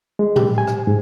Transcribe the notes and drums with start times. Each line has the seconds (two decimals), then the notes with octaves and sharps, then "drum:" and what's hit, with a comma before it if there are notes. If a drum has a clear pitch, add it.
0.19 G#3
0.36 G4, drum: tom A2
0.58 G#5
0.67 drum: rim click
0.87 G#2